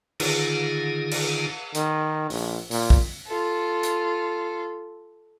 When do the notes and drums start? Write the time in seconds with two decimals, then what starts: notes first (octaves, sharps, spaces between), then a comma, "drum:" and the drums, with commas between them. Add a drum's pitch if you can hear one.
0.20 D3 D#3 D#4 F4 G#4, drum: cymbal
1.11 drum: cymbal
1.75 D#3, drum: hi-hat
2.30 A#1, drum: open hi-hat
2.71 A#2, drum: open hi-hat
2.90 drum: kick
3.27 F4 A4
3.83 drum: hi-hat